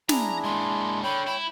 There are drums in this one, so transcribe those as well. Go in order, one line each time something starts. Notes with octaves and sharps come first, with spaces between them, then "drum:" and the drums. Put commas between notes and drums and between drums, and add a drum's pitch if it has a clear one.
D4 E4 G#4 A#5, drum: snare
G#3 A#3 C6
D3 C#5 G5 B5
E4 B5